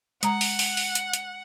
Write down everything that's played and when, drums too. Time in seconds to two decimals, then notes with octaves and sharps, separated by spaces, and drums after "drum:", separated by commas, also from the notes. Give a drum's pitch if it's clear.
0.23 G#3 F#5 A#5, drum: hi-hat
0.41 drum: open hi-hat
0.59 drum: open hi-hat
0.77 drum: open hi-hat
0.95 drum: hi-hat
1.13 drum: hi-hat